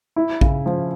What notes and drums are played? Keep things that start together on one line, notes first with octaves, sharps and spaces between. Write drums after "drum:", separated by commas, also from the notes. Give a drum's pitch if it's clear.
E4
C#3, drum: kick
F3